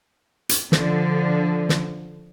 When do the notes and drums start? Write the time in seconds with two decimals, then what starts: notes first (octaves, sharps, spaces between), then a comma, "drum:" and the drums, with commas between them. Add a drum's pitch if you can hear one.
0.49 drum: hi-hat
0.72 D3 F3, drum: snare
1.69 drum: snare